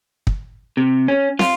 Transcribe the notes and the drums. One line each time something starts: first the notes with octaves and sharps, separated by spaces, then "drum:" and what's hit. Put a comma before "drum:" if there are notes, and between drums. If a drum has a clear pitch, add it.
drum: kick
C3
C#4
F4, drum: snare